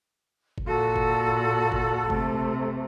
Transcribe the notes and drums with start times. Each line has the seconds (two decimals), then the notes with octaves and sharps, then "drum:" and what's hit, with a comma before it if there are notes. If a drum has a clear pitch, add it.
0.58 drum: kick G1
0.67 A#2 F#4 A4
0.96 drum: kick G1
1.72 drum: kick G1
2.10 C3 A3, drum: kick G1